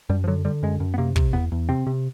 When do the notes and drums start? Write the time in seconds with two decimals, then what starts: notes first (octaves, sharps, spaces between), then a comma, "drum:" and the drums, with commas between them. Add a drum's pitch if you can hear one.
0.09 F#2 G3
0.24 F3
0.27 D3 F#3
0.45 D3 G3
0.63 F#2 G#3
0.80 F#2
0.94 B3
0.98 C3 A#3
1.16 C3, drum: kick
1.33 E2 B3
1.52 E2
1.69 C3 C4
1.87 C3